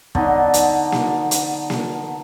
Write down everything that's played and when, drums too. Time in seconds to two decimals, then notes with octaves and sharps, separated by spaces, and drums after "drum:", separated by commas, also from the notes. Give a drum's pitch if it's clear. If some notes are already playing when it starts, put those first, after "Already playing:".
0.15 D3 B3 D#4, drum: kick
0.54 drum: hi-hat
0.92 drum: snare A#3
1.31 drum: hi-hat
1.70 drum: snare A#3